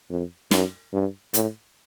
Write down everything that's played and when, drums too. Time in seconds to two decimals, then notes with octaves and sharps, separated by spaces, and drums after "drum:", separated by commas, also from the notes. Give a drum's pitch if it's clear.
0.10 F2
0.51 F#2, drum: snare
0.93 G2
1.34 A2, drum: hi-hat